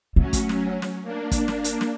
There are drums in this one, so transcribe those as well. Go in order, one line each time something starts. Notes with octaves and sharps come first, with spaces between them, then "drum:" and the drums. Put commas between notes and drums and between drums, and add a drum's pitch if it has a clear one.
F#3 A3 C#4
drum: kick, hi-hat
drum: snare
drum: snare
A#3 D4
drum: kick, hi-hat
drum: snare
drum: hi-hat
drum: snare